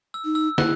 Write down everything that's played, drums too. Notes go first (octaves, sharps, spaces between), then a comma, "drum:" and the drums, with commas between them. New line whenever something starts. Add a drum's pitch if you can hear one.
E6
D#4
E6
E4 F#6, drum: snare